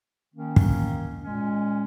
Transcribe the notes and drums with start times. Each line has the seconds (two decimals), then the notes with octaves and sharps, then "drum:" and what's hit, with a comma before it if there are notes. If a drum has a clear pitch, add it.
0.34 D#3 A#3 C#4
0.56 drum: kick
1.22 A#2 G#3 C#4